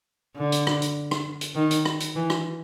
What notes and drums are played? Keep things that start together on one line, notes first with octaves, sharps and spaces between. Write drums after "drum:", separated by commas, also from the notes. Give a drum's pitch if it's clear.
D3
drum: hi-hat
drum: rim click
drum: hi-hat
drum: rim click
drum: hi-hat
D#3
drum: hi-hat
drum: rim click
drum: hi-hat
E3
drum: rim click